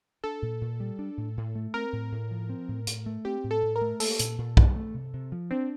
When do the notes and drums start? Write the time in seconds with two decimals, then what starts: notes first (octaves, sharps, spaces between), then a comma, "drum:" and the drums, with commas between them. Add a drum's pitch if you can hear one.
0.24 D4 A4
0.42 A#2
0.61 A#2
0.80 G3
0.99 D4
1.17 A2
1.37 A2
1.55 A3
1.74 C4 A#4
1.93 A2
2.12 A2
2.31 F3
2.49 C4
2.68 A2
2.87 A2, drum: hi-hat
3.06 A3
3.25 C4 G4
3.44 A2
3.51 A4
3.63 A2
3.76 A#4
3.81 A3
4.00 A#3 A4, drum: open hi-hat
4.19 A#2, drum: hi-hat
4.38 A#2
4.57 G3, drum: kick
4.76 A3
4.94 C3
5.13 C3
5.32 F3
5.51 C4 D4